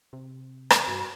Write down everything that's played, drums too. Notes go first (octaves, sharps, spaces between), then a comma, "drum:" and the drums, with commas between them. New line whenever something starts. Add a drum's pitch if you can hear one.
C3
drum: rim click
G2 F#4